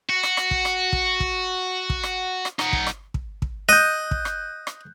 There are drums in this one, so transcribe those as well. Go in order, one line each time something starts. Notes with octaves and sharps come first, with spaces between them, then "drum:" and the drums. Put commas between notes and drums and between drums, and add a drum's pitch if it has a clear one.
F#4
drum: rim click
drum: rim click
drum: kick
drum: rim click
drum: kick
drum: kick
drum: kick
drum: rim click
drum: rim click
D#4 F#5, drum: rim click
drum: kick
drum: rim click
drum: kick
drum: kick
D#5 F#6 G6
drum: kick
drum: rim click
drum: rim click